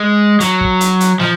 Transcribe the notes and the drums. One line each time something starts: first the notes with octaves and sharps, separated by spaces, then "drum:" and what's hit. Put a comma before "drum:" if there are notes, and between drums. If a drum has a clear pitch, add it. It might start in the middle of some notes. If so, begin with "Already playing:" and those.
Already playing: G#3
F#3, drum: hi-hat
drum: kick
drum: hi-hat
drum: hi-hat
F3, drum: snare